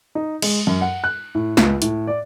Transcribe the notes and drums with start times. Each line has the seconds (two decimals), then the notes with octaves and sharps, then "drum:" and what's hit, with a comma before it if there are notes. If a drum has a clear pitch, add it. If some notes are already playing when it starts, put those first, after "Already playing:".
0.15 D#4
0.42 G#3, drum: cymbal
0.67 F#2
0.81 F#5
1.04 F#6
1.35 A2
1.57 C#2, drum: snare
1.82 A2, drum: hi-hat
2.08 D5